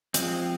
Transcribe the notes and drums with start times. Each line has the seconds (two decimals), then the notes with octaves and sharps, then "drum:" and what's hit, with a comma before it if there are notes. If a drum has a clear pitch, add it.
0.14 F3 G#3 C4, drum: hi-hat